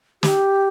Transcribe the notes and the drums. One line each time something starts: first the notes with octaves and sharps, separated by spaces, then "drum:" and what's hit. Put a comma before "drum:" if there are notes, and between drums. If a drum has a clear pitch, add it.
G4, drum: snare